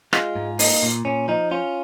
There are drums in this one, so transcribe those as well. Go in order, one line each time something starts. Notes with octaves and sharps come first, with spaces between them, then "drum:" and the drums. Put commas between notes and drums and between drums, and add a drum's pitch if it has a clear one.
G#3 F4, drum: rim click
G#2
A#3 D#4, drum: open hi-hat
A#2
A#2 C#4
F3 D#4
C#4 F4